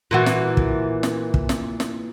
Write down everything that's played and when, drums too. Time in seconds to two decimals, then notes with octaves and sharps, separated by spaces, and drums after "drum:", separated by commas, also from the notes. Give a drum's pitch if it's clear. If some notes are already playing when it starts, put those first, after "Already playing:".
0.11 A#2 E3 F#4
0.26 drum: snare
0.57 drum: kick
1.03 drum: snare
1.34 drum: kick
1.49 drum: snare
1.80 drum: snare